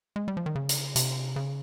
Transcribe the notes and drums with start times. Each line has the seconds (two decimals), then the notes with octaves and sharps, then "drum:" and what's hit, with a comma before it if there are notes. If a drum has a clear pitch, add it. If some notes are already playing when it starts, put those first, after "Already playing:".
0.16 G#3
0.28 G3
0.37 F3
0.46 D#3
0.55 C#3
0.69 drum: hi-hat
0.96 C3, drum: hi-hat
1.36 C#3